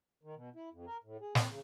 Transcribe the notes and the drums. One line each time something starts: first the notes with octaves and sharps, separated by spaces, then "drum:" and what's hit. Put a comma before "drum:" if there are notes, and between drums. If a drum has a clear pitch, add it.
D#3
B2
E4
F2
A#4
A2
G#4
C4, drum: snare
C#3